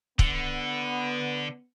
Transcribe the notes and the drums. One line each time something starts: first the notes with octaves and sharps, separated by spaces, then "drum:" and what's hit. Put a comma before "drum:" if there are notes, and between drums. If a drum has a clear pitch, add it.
D3 B3, drum: kick